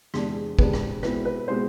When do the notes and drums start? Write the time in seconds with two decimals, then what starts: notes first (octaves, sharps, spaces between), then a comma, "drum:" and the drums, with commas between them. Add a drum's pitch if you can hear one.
0.14 E2 C3 G#3 D4, drum: rim click
0.59 E2 C3 G#3 D4 B4, drum: kick
0.73 drum: rim click
1.03 B2 G#3 C4 E4 B4, drum: rim click
1.25 B4
1.48 B2 G#3 C4 E4 C5